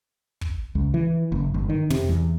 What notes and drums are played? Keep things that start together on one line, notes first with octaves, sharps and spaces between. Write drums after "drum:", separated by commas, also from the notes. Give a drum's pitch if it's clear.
drum: kick
C#2
E3
F#1
G1
D#3
C3, drum: tom
E2